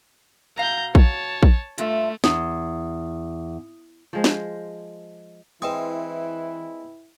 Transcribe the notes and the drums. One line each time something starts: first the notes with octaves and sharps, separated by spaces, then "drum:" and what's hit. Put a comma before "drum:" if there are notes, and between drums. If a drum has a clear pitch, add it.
B2 F5 A#5 G6
C#5 A5, drum: kick
drum: kick
G2 A3 F4 E5, drum: hi-hat
E2 D#6, drum: snare
F3 G#3 C5
drum: snare
E3 G#3 C4 E4 B4 G5 D#6